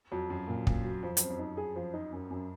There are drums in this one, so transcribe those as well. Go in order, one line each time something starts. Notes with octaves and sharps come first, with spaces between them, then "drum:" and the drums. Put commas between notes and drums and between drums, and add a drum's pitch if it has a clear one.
F2 F#3
F#2 F#3
A#2
A#2, drum: kick
F#3
F2 F3
F#2, drum: hi-hat
C4
F2
D#4
G#4
F3
D#4
F#2
F#2